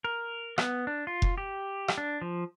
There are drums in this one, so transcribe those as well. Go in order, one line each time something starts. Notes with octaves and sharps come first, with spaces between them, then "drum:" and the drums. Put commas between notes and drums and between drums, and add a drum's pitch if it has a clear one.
A#4
B3, drum: rim click
D4
F4
drum: kick F1
G4
drum: rim click
D4
F3